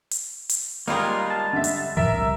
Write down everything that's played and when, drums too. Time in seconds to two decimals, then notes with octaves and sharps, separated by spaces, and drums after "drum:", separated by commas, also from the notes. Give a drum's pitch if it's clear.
0.11 drum: hi-hat
0.49 drum: hi-hat
0.88 G3 G#3 A#3 D#4 F4 A#4
1.30 A5
1.53 D3 E5
1.64 drum: hi-hat
1.97 A2 D3 F3 A#4 E5 E6
2.12 C2